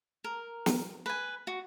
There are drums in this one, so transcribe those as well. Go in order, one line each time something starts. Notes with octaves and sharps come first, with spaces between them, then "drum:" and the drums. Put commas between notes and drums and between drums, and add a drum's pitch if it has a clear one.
A#4
drum: snare
B4 G#5
F#4